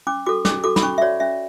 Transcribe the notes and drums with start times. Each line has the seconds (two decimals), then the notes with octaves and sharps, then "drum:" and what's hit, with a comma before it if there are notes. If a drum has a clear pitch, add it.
0.07 C#4 D6
0.26 F#4 A4 D6
0.45 C#4 D6, drum: snare
0.64 F#4 A4 D6
0.76 B5, drum: snare
0.82 C#4 C#6
0.98 E5
1.01 F#4 C#5 D5
1.20 C#4 E5